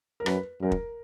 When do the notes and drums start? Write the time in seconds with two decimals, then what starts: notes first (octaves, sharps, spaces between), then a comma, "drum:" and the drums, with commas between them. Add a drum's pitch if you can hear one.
0.20 A#4
0.26 F#2 B4, drum: rim click
0.62 F#2 A#4
0.72 drum: kick